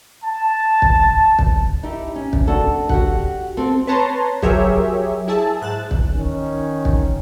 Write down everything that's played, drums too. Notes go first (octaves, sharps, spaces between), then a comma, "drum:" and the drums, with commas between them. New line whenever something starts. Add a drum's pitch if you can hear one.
A5
drum: kick
drum: kick
D#4 E4 G4
C#4
drum: kick
D4 F#4 A4
F#4 G4 F#5, drum: kick
C4 A4
B4 C#5 A5 A#5 C6
F#3 G4 G#4 A#4 C#5 E5, drum: kick
E4 G#4 E5 A5
G#2 F#6 A6 E7
drum: kick
D#3 C#4
drum: kick